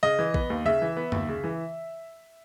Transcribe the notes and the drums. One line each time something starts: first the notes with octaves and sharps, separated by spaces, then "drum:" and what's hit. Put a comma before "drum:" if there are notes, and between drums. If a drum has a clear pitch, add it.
C#3 D#5
E3
B3, drum: kick A#1
D#2
C#3 E5
E3
B3
D#2, drum: tom
C#3
E3